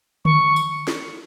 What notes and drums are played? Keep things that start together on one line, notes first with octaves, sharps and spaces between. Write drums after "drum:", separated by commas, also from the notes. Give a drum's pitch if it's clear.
C#6, drum: tom D3
drum: tambourine
drum: snare